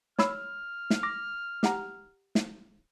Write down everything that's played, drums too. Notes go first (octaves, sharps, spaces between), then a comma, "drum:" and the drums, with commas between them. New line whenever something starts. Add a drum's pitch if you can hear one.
C#5 B5 E6 F6, drum: snare
drum: snare
D6 A#6
G4 F#5 A#5, drum: snare
drum: snare